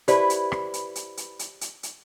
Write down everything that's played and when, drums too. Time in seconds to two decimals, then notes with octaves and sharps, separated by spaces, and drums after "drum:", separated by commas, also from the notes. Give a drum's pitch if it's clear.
0.08 E4 G4 B4 C5 D5, drum: hi-hat
0.30 drum: hi-hat
0.52 drum: rim click
0.74 drum: hi-hat
0.95 drum: hi-hat
1.17 drum: hi-hat
1.39 drum: hi-hat
1.61 drum: hi-hat
1.83 drum: hi-hat